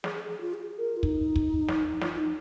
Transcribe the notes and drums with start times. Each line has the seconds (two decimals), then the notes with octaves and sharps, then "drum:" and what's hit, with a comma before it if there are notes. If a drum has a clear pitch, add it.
0.04 G#4, drum: snare
0.17 G#4
0.29 G#4
0.41 F4
0.54 G#4
0.78 A#4
0.97 F4
1.03 D#4, drum: kick
1.36 drum: kick
1.68 drum: snare
2.01 F4, drum: snare
2.14 F4
2.18 D#4